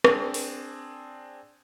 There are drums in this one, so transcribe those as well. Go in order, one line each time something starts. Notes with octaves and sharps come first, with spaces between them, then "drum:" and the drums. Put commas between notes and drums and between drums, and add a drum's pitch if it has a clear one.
C4 D4 G#4, drum: rim click
drum: open hi-hat